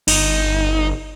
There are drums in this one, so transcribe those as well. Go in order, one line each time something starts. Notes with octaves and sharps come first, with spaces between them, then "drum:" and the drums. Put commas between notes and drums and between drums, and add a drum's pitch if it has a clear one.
G1 D#4, drum: cymbal